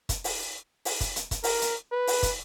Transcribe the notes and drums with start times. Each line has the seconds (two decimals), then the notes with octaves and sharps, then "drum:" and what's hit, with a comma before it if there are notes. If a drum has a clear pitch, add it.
0.09 drum: kick, hi-hat
0.24 drum: open hi-hat
0.85 drum: open hi-hat
1.01 drum: kick, hi-hat
1.16 drum: hi-hat
1.31 drum: kick, hi-hat
1.44 A#4, drum: open hi-hat
1.62 drum: hi-hat
1.92 B4
2.07 drum: open hi-hat
2.23 drum: kick, hi-hat